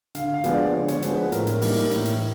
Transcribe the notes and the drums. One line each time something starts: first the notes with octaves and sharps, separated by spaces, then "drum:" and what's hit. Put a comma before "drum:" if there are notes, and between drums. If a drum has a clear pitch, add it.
D3 F5, drum: hi-hat
F5
F3 G#3 B3 D4, drum: hi-hat
D5
D3 C#5
C#5, drum: hi-hat
F3 G#3 B3 D4 C5, drum: hi-hat
B4
A2 A#4, drum: hi-hat
drum: hi-hat
E3 G3 A#3 D#4, drum: open hi-hat
A2, drum: hi-hat
drum: hi-hat